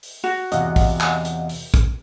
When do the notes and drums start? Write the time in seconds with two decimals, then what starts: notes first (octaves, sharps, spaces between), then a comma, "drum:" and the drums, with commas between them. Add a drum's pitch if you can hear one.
0.03 drum: open hi-hat
0.24 F#4
0.52 E2 C3 D#5 F5 F#5, drum: hi-hat
0.76 drum: kick, open hi-hat
1.01 drum: clap
1.25 drum: hi-hat
1.49 drum: open hi-hat
1.74 drum: kick, hi-hat